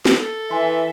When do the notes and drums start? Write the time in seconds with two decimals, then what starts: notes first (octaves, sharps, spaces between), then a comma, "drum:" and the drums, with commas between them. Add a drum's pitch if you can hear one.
0.05 drum: snare
0.16 A4
0.51 E3 E5 G#5 C6